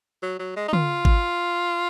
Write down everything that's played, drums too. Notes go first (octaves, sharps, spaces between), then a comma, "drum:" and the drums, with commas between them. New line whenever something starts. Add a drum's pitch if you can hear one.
F#3
F#3
G#3
D#4
F4, drum: tom
drum: kick G#1